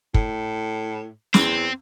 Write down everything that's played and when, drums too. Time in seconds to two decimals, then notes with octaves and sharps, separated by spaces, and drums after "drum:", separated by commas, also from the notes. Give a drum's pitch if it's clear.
0.14 A2, drum: kick
1.34 E2 C4, drum: snare